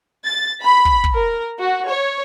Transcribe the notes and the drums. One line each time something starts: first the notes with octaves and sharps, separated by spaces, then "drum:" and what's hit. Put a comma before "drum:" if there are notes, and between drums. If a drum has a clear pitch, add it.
A6
B5
drum: kick
drum: kick
A#4
F#4
C#5